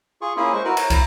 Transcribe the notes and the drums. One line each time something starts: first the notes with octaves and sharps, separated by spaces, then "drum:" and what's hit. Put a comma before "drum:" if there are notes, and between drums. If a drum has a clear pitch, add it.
F4 G#4 C#6
A#3 C#4 E4 F4 G#4
G#3 C5 C#6
E4 F#4 A#4 B4
A#4 C#5, drum: cymbal
E4 A#5, drum: kick, cymbal